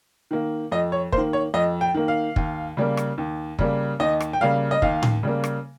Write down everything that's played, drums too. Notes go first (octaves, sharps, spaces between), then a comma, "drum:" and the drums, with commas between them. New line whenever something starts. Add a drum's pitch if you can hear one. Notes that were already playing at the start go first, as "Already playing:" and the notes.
D#3 A#3
F2 D#5
C#5
D#3 A#3 C5, drum: kick
C#5
F2 D#5
G5
D#3 A#3
F5
D#2, drum: kick
C#3 G3 A#3
drum: rim click
D#2
C#3 G3 A#3, drum: kick
D#2 D#5
drum: rim click
G5
C#3 G3 A#3 F5
D#5
D#2 F5, drum: kick
drum: tom A2
C#3 G3 A#3
drum: rim click